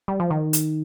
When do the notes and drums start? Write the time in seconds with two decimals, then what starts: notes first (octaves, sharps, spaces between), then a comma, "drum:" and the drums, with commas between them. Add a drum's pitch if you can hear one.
0.08 G3
0.20 F3
0.30 D#3
0.53 drum: hi-hat